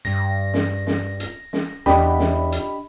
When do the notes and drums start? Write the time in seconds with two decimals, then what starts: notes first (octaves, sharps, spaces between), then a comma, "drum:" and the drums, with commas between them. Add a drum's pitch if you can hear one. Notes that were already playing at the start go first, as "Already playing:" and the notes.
0.05 G2 A#6
0.54 drum: snare
0.87 drum: snare
1.20 drum: hi-hat
1.53 drum: snare
1.86 E2 D4 G4 D#5 B5, drum: snare
2.19 drum: snare
2.52 drum: hi-hat